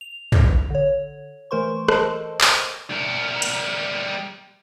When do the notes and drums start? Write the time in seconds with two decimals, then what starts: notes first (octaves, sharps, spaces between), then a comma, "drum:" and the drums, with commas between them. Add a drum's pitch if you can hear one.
0.01 F7
0.32 drum: tom
0.70 D3 C#5
1.51 E3 A3 A#4 C5 C6 C#6
1.88 A4 A#4 C5 D#5 A5, drum: rim click
2.41 drum: clap
2.90 G3 A#4
3.42 drum: hi-hat